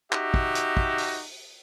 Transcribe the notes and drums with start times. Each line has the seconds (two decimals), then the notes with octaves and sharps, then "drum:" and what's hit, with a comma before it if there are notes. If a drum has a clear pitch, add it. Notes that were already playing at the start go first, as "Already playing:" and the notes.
0.12 D#4 F#4 G4 E5, drum: clap
0.34 drum: kick
0.55 drum: hi-hat
0.77 drum: kick
0.98 drum: open hi-hat